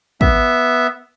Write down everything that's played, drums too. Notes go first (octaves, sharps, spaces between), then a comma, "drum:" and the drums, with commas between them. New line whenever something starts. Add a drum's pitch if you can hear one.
B3 E5, drum: kick